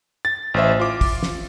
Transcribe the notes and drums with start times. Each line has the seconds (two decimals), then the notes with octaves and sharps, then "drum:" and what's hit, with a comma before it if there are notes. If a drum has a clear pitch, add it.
0.25 A6
0.54 A1 C5 E5
0.80 F4 D6
1.01 drum: kick, open hi-hat
1.23 drum: snare